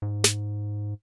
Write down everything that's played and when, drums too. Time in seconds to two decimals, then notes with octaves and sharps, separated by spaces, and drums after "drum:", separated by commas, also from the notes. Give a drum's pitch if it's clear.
0.02 G#2
0.24 drum: snare